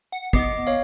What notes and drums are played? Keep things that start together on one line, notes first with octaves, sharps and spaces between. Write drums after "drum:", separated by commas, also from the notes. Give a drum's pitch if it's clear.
F#5
B3 D#5 D6 C7, drum: kick
C#5 F5